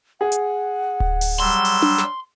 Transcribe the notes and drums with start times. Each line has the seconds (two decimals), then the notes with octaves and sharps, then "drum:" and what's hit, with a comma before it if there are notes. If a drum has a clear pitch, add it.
0.21 G#4 F#5
0.32 drum: hi-hat
1.00 drum: kick D1
1.21 drum: open hi-hat
1.40 F#3 G3 C6 E6
1.65 drum: open hi-hat
1.82 drum: tom D4
1.98 drum: snare